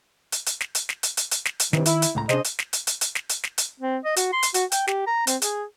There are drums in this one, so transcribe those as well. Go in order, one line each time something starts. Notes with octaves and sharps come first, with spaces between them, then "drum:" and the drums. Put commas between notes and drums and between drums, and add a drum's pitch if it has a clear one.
drum: hi-hat
drum: hi-hat
drum: snare
drum: hi-hat
drum: snare
drum: hi-hat
drum: hi-hat
drum: hi-hat
drum: snare
drum: hi-hat
G2 C3 D#3 E3, drum: snare
E4, drum: hi-hat
drum: hi-hat
C#2 A2 A#5
C3 D4 G#4 C5 D#5, drum: snare
drum: hi-hat
drum: snare
drum: hi-hat
drum: hi-hat
drum: hi-hat
drum: snare
drum: hi-hat
drum: snare
drum: hi-hat
C4
D#5
F#4, drum: hi-hat
C6
drum: hi-hat
F#4, drum: hi-hat
G5, drum: hi-hat
G4, drum: snare
A#5
C4, drum: hi-hat
G#4, drum: hi-hat